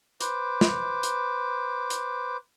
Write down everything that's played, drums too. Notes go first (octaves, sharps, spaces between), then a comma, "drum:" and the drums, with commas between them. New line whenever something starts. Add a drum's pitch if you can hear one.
B4 C5 D6, drum: hi-hat
drum: snare
drum: hi-hat
drum: hi-hat